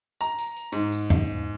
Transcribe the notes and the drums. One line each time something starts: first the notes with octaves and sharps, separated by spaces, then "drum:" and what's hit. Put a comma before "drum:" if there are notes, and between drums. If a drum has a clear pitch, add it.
A#5, drum: tambourine
drum: tambourine
drum: tambourine
G#2, drum: tambourine
drum: tambourine
drum: tom E2